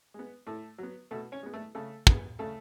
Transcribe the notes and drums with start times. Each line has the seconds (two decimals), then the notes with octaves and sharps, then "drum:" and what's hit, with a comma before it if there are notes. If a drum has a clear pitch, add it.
0.14 G#3 B3
0.47 A2 A3 A4
0.78 F#3 B3
1.11 B2 A3 A4
1.32 C#4 C#5
1.43 G#3 B3
1.54 A3 A4
1.75 C#3 A3 A4
2.07 G#3 B3, drum: kick
2.39 C#3 A3 A4